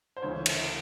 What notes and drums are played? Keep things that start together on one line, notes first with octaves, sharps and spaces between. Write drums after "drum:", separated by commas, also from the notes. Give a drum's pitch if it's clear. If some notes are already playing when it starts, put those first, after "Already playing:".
C5
D2 C#3 E3 C#5
drum: cymbal